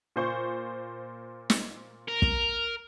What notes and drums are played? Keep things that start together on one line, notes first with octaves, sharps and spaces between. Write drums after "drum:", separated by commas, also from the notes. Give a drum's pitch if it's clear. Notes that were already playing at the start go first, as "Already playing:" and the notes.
A#2 C5 C#6
drum: snare
A#4
drum: kick